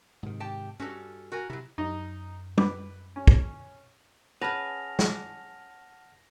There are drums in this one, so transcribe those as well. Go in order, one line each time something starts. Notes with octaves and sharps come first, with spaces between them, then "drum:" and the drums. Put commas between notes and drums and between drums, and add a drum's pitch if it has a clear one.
G#2 C3 D#3
G4 G5 A5
G2 C#4 F#4 A4
F#4 A#4 G#5
C3 F#3 E4
F#2 D#4
B4 B5 D6, drum: tom
C#4
drum: kick
C#4 G#4 B4 F#5 A5 F6 A#6 F7
drum: snare